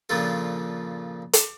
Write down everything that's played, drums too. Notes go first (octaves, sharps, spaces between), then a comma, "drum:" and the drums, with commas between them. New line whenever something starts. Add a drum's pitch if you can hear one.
A#2 C#3 F3 D4 F4 A4
drum: hi-hat